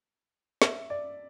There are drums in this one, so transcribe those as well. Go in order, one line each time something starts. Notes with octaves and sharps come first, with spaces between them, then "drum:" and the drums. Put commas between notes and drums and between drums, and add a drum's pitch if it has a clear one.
E5, drum: snare
D5